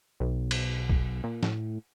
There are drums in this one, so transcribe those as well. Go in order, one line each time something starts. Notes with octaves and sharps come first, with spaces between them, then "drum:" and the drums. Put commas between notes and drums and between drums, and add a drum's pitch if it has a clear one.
B1
drum: cymbal
drum: kick B1
A#2
A2, drum: snare